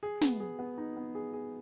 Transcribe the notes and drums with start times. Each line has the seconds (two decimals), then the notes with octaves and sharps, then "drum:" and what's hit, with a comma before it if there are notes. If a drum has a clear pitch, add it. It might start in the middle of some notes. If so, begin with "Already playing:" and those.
0.03 G#4
0.21 B3, drum: snare
0.40 G#4
0.59 B3
0.78 D#4
0.97 B3
1.15 G#4
1.33 G#4